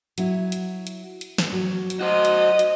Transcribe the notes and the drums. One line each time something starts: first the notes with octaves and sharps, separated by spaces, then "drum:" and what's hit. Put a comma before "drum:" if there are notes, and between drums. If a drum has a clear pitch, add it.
F#3 E4, drum: hi-hat
drum: hi-hat
drum: hi-hat
drum: hi-hat
drum: snare
F#3
drum: hi-hat
F#4 C5 D#5
drum: hi-hat
drum: hi-hat